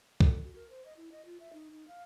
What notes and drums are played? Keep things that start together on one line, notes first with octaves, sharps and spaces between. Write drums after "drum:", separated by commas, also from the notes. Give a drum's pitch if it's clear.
A4, drum: kick C2
F#4
A#4
C5
D#5
E4
D#5
F4
E5
D#4
D#4
F5